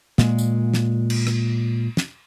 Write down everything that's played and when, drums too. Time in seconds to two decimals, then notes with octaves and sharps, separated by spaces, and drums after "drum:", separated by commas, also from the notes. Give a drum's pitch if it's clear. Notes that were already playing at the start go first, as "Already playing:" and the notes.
0.18 A#2 G#3, drum: snare
0.38 drum: tambourine
0.74 drum: snare
1.10 drum: cymbal
1.27 drum: rim click
1.97 drum: snare